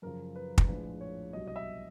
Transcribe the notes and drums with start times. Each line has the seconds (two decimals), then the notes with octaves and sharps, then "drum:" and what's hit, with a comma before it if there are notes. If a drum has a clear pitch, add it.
0.02 F#2 C#3 F3 A#4
0.36 B4
0.58 drum: kick
0.67 A#1 A2 F3 G#3 B4
1.01 C#5
1.33 C2 B2 F#3 D#5
1.47 D#5
1.56 E5